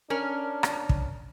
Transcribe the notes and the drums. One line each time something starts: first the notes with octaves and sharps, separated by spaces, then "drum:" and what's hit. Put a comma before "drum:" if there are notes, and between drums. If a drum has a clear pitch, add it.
C#4 D4 A#4
drum: rim click
drum: kick